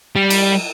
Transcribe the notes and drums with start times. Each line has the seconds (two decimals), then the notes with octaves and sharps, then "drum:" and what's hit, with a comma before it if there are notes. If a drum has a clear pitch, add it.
0.16 G3
0.30 drum: cymbal